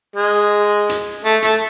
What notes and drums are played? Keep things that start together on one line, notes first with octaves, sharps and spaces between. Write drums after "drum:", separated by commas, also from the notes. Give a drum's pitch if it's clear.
G#3
drum: hi-hat
A3
A3, drum: hi-hat